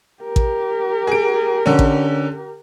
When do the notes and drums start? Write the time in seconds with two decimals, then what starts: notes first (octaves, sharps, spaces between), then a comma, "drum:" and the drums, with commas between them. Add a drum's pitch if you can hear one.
0.23 G4 A#4
0.36 drum: kick A1
1.07 G#4 D7
1.66 D3 C#4
1.79 drum: kick A1